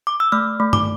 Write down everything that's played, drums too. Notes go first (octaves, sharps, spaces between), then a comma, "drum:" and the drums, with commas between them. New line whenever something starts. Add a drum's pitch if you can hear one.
D6
E6
A3 F6
A3
D6, drum: tom G2